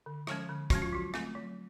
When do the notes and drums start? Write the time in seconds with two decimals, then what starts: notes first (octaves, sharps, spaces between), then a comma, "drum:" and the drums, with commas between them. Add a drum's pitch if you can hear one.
0.06 D3
0.27 F3 G#3 C#4, drum: rim click
0.49 D3
0.70 F3 G#3 C#4 F#4, drum: kick, hi-hat
0.82 F4
0.93 F#3 F#4
1.14 A3 C4, drum: rim click
1.35 F#3